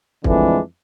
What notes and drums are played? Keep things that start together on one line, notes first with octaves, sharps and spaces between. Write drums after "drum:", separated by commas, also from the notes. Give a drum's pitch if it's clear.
F2 D3 E3 G#3 A3 D4, drum: kick